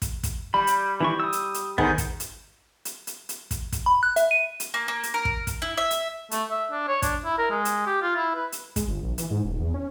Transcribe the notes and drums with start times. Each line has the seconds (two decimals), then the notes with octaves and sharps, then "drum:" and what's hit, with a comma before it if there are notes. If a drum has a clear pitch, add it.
0.02 drum: kick, hi-hat
0.23 drum: kick, hi-hat
0.54 G3 B5
0.67 drum: hi-hat
1.01 E3 E4 C#6
1.20 D#6 E6
1.33 drum: hi-hat
1.54 drum: hi-hat
1.78 D#3 B3 G#4 C5, drum: kick
1.98 drum: kick, hi-hat
2.20 drum: hi-hat
2.85 drum: hi-hat
3.07 drum: hi-hat
3.29 drum: hi-hat
3.51 drum: kick, hi-hat
3.72 drum: kick, hi-hat
3.86 B5
4.03 F#6
4.16 E5, drum: hi-hat
4.31 D#7
4.60 drum: hi-hat
4.74 A#3
4.88 A#3
5.03 drum: hi-hat
5.14 A#4
5.25 drum: kick
5.47 drum: kick, hi-hat
5.62 E4
5.77 E5
5.91 drum: hi-hat
6.31 A3, drum: hi-hat
6.51 E5
6.71 D4
6.88 C#5
7.02 D4, drum: kick, hi-hat
7.25 E4
7.38 A#4
7.50 G#3
7.65 drum: hi-hat
7.86 G4
8.02 F4
8.16 E4
8.35 B4
8.52 drum: hi-hat
8.76 G#3, drum: kick, hi-hat
8.88 G1
9.03 A#1
9.18 E3, drum: hi-hat
9.31 G#2
9.45 D#1
9.60 E2
9.74 C#4